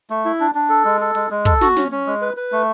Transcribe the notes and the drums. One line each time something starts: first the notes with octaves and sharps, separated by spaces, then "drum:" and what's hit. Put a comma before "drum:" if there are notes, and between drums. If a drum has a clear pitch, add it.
A3
E4
D4
D4
A4
G#3
A4
G#3, drum: open hi-hat
G#3
A4, drum: kick
F#4, drum: snare
C#4, drum: snare
C#4
G#3
B4
B4
A3